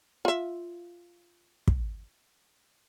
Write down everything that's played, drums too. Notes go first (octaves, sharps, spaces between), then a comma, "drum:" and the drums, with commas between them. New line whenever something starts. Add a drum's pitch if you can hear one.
F4 E5
drum: kick